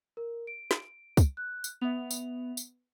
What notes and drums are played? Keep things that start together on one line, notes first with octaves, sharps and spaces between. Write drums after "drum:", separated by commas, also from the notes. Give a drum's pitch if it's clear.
A#4
D7
drum: snare
drum: kick, tambourine
F#6
drum: tambourine
B3 E5 F7
drum: tambourine
drum: tambourine